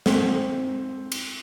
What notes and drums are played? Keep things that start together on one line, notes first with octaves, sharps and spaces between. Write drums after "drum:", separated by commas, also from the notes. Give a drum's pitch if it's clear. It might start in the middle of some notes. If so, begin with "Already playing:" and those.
C4, drum: snare
drum: cymbal